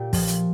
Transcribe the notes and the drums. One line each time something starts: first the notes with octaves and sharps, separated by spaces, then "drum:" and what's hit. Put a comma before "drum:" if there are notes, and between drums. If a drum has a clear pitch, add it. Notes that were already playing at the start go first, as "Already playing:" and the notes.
Already playing: A#2 G4
F3, drum: kick, open hi-hat
drum: hi-hat